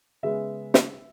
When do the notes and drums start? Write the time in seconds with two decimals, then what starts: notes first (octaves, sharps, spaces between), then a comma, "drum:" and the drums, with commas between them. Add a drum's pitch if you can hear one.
0.23 C#3 G#3 B3 E5
0.74 drum: snare